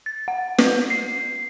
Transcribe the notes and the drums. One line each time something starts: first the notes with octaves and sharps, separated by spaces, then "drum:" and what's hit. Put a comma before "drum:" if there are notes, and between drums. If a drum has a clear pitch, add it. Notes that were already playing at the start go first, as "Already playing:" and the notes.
A6
F#5
B4, drum: snare
C7